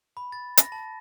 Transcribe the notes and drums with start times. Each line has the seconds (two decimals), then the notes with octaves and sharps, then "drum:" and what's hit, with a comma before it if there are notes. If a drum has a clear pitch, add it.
0.17 B5
0.32 A6
0.57 A#6, drum: hi-hat
0.72 A5